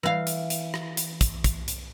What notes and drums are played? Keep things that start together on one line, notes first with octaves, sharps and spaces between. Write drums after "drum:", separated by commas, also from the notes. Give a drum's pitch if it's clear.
E3 F5
drum: hi-hat
drum: hi-hat
drum: rim click
drum: hi-hat
drum: kick, hi-hat
drum: kick, hi-hat
drum: hi-hat